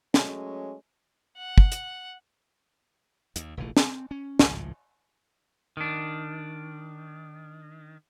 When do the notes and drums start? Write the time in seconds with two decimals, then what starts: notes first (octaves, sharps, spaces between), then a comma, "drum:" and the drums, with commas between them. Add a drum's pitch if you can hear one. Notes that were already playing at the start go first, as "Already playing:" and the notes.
0.14 F#3 G#3 A3 C#4, drum: snare
1.37 F#5
1.58 drum: kick
1.72 drum: hi-hat
3.36 D#2, drum: hi-hat
3.57 F1 A#1 E3 A3
3.77 C4, drum: snare
4.11 C#4
4.39 G#1 C#2 A2 F3, drum: snare
5.77 D#3 D4